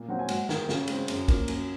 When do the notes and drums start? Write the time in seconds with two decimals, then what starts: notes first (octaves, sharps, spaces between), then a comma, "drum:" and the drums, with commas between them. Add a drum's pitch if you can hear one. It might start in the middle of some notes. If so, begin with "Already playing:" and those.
Already playing: A#2
0.08 F#3 C4 F#5
0.19 G#5
0.29 G#2 F#5, drum: cymbal
0.49 D#3 G#3, drum: snare
0.69 C#3, drum: snare
0.88 G#3 C4, drum: cymbal
1.08 F#2, drum: cymbal
1.28 F3 A#3, drum: kick, cymbal
1.48 F#2, drum: cymbal